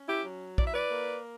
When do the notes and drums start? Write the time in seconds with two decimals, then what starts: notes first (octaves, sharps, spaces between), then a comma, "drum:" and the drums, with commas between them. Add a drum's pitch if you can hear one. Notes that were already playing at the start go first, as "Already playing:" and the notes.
Already playing: C#4
0.08 E4 G4
0.25 F#3
0.58 E4 D5, drum: kick
0.67 E5
0.73 B4 D5
0.91 A#3